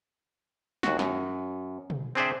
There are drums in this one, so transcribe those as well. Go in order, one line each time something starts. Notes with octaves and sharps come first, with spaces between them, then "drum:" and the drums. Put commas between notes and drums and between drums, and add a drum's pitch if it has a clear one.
D#2 F#4, drum: snare
F#2, drum: snare
drum: tom
C4 D4 G#4 C5 D5 E5